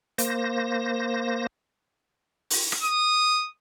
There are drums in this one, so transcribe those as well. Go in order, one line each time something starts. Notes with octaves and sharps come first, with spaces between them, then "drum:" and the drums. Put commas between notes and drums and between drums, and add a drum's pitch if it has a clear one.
A#3 C5 A#6, drum: hi-hat
drum: open hi-hat
drum: rim click
D#6